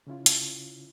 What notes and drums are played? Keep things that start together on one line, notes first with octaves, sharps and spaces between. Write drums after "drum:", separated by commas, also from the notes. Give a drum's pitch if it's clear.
C#3 C#4 E4 F4
drum: hi-hat